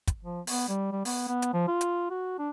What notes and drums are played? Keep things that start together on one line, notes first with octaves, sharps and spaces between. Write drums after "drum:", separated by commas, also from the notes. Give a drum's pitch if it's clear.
drum: kick, hi-hat
F3
B3, drum: open hi-hat
G3
G3
B3, drum: open hi-hat
B3
drum: hi-hat
F3
F4
drum: hi-hat
F#4
D4